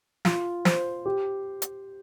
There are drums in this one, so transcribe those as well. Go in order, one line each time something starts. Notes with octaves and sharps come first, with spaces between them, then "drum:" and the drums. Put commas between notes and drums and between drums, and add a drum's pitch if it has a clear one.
F4, drum: snare
C5, drum: snare
G4
drum: hi-hat